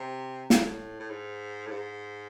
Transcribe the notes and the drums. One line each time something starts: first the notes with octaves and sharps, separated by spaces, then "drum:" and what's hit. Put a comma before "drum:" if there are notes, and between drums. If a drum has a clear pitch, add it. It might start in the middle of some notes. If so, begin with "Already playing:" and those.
Already playing: C3
A2, drum: snare
A2
G#2
A2
G#2